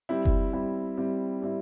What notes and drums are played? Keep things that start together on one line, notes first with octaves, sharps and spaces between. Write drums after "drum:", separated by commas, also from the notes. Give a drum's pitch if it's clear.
G3 C4 E4
drum: kick F#1
G3 C4 E4
G3 C4 E4
G3 C4 E4